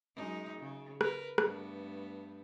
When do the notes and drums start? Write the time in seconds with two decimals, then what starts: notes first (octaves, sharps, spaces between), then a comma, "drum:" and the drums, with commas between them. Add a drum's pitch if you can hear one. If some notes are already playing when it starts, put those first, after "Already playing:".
0.15 F#2 G#3 D#4
0.59 C#3
1.01 A#4 B4, drum: rim click
1.38 G2 A3 B3, drum: rim click